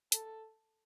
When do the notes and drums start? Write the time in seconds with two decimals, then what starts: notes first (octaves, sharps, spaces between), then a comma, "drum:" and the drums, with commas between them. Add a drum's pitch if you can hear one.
0.12 A4, drum: hi-hat